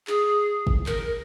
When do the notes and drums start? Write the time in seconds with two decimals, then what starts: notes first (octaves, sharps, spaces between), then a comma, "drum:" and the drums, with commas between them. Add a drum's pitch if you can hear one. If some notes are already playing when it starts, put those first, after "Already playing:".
0.07 G#4, drum: clap
0.67 drum: kick
0.86 A#4, drum: clap